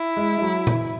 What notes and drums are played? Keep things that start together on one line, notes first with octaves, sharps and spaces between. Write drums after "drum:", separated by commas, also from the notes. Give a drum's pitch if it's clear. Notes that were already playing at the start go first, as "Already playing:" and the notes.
Already playing: E4
G#3
G#3
F#3
E3, drum: tom A#2